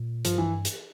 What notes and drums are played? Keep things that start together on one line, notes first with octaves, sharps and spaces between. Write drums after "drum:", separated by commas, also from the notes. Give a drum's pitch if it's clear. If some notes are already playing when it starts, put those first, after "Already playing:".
Already playing: A#2
G2 F3, drum: hi-hat
E3
drum: hi-hat